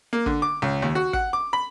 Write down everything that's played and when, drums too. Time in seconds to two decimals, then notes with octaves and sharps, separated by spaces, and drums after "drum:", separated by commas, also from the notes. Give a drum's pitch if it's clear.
0.13 A#3
0.26 D3, drum: kick
0.42 D6
0.62 C#2
0.82 D#2
0.95 F#4
1.13 F#5, drum: kick
1.33 D6
1.53 B5